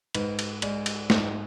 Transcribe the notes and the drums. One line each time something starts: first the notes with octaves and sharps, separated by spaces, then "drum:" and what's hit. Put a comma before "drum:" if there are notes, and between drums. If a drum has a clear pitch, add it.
G#2 B4, drum: cymbal
drum: cymbal
G#3 D5, drum: cymbal
drum: cymbal
G#2, drum: snare